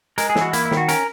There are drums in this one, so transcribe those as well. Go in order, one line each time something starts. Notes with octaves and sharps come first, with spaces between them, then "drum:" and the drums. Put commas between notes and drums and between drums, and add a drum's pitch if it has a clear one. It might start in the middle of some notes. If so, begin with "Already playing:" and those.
G#3 A#4, drum: hi-hat
G#4
E3, drum: snare
F#4
A#3 E4, drum: hi-hat
E4
D#3, drum: snare
F#4
C#4 A#4, drum: hi-hat